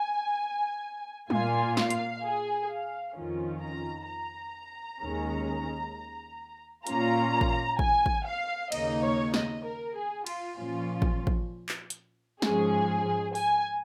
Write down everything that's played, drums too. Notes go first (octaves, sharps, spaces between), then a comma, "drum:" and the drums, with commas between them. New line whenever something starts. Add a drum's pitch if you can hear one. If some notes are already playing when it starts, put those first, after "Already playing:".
Already playing: G#5
A#2 A#3 F4 G#5, drum: tom G3
F5, drum: snare
drum: hi-hat
G#4
F5
F2 D#3 C#4 F4
A#5
A#5
D#2 D#3 G#3 C#4
A#2 A#3 C#4 F4 A#5, drum: hi-hat
drum: kick
G#5, drum: kick
drum: kick
F5
D#2 C#3 A#3 D#4 D#5, drum: cymbal
C#5
D#5, drum: snare
A#4
G#4
F4, drum: cymbal
A#2 F3 C#4 F4
drum: kick
drum: kick
drum: clap
drum: hi-hat
G#2 F3 G#3 C#4 G#4, drum: snare
G#5, drum: open hi-hat